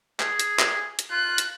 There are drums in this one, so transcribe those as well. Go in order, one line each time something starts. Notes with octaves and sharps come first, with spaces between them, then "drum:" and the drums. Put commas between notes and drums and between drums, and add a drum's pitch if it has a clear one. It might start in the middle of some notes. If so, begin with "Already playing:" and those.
G#4, drum: clap
drum: hi-hat
drum: clap
drum: hi-hat
F4 F#6
drum: hi-hat